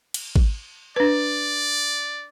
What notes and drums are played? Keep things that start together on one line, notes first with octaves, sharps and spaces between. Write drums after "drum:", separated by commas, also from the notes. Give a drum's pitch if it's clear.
drum: cymbal
drum: kick G#1
D4 B4 D5